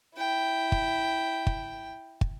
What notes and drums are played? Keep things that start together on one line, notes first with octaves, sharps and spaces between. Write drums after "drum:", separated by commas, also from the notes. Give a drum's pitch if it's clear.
E4 G5
drum: kick
drum: kick
drum: kick